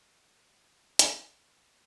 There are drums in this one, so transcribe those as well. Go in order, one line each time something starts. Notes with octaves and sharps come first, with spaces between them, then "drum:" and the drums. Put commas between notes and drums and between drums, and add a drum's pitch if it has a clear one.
C#3 B3 C4 D#4 G#4
drum: hi-hat